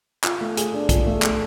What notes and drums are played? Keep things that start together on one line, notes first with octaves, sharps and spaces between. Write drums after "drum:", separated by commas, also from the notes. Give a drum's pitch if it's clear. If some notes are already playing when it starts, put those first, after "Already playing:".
F4, drum: clap
A3
G#4, drum: hi-hat
D4
F4, drum: kick, hi-hat
A3
G#4, drum: clap